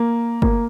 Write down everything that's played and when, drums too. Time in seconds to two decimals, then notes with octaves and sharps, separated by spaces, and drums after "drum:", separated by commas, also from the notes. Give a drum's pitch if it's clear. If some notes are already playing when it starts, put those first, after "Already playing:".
Already playing: A#3
0.42 A#3, drum: kick G1